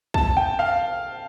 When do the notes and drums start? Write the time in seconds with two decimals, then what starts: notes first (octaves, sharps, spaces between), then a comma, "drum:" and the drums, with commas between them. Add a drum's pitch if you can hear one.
0.14 A5, drum: kick B1
0.37 G5
0.59 F5